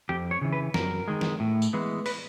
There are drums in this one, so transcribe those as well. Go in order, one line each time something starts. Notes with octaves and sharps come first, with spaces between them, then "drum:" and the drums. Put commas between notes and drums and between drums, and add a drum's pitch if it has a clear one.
F2 G4
C#5
C#3 E3
B4
F#2 A#4, drum: snare
D#3 G#3
drum: snare
A2
drum: tambourine
E3 G#3 B3
B4, drum: open hi-hat